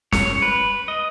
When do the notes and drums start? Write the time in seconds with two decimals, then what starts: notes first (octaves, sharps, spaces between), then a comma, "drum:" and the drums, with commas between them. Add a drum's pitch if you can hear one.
0.12 C#5, drum: snare
0.42 B4
0.88 D#5